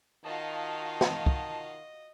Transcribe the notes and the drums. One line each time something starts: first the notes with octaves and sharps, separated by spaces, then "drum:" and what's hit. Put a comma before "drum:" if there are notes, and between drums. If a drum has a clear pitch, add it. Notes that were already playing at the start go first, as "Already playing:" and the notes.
D#3 F4 F#4 D#5 F5 A5
drum: snare
drum: kick